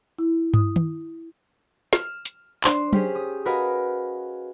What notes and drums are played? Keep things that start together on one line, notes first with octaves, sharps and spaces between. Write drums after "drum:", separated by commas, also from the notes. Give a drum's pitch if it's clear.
E4
D#6, drum: tom
drum: tom D#3
F6 E7, drum: snare
drum: hi-hat
D4 C5, drum: clap
C#4 G4 G#4, drum: tom
D#6
F#4 A#4 B4 D#5 F5 G#5